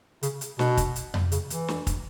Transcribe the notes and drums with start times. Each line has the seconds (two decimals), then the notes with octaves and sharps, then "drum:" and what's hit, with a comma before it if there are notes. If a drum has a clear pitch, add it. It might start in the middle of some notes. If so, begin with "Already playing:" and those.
0.23 C#3, drum: hi-hat
0.41 drum: hi-hat
0.59 B2, drum: snare
0.77 drum: kick, hi-hat
0.96 drum: hi-hat
1.14 drum: tom F2
1.32 C#3, drum: hi-hat
1.50 E3, drum: hi-hat
1.68 drum: snare
1.87 drum: kick, hi-hat